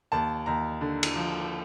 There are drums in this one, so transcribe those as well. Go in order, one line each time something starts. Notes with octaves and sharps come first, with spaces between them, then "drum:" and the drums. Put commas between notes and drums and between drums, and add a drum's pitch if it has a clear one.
D#2 A5
D#2 A#5
D3
drum: cymbal
F3